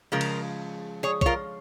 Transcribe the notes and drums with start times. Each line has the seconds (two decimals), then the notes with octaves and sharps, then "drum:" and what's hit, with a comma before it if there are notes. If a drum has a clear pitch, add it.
0.12 C#3 F3 G#3 F4 A#4
0.21 drum: cymbal
1.03 G#4 C#5
1.21 C#5, drum: kick
1.26 F4 A#4